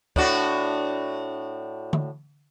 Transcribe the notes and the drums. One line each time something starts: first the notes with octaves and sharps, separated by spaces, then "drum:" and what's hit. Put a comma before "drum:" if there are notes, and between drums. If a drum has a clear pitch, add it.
A2 D4 F#4, drum: kick
drum: tom D3